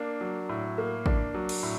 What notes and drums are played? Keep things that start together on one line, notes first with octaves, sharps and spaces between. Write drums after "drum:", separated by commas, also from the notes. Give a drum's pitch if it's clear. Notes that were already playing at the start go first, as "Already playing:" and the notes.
Already playing: A#3 D4
F#3
A2
A#3
D4, drum: kick A1
F#3
drum: cymbal
A2